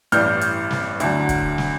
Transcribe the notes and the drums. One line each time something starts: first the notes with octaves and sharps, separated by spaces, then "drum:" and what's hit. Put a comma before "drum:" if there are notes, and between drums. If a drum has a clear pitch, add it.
A1 G2 E3 G3 F6 G6, drum: hi-hat
drum: hi-hat
drum: snare
D2 D3 F#3, drum: hi-hat
drum: kick, hi-hat
drum: snare